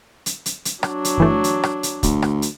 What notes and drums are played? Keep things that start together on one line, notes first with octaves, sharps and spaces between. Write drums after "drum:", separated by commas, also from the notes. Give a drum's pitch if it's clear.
drum: hi-hat
drum: hi-hat
drum: hi-hat
F#3 D4, drum: rim click
drum: hi-hat
G1 E3 A3
drum: hi-hat
drum: rim click
drum: hi-hat
D2, drum: kick, hi-hat
drum: rim click
drum: hi-hat